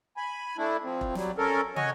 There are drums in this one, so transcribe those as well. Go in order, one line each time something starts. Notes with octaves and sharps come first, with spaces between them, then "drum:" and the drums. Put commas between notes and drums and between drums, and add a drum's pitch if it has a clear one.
G#5 B5
A3 D4 E4
F3 C4
drum: kick E1
F#3 G3, drum: snare
C#4 A4 A#4
F#4 C#5 D#5 G#5, drum: tom